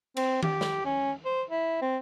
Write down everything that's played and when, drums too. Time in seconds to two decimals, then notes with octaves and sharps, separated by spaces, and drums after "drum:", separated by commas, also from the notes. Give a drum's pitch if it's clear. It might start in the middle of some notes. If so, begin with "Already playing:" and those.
0.17 C4, drum: cymbal
0.43 G4, drum: tom D#3
0.61 drum: snare
0.85 C#4
1.25 C5
1.50 E4
1.82 C4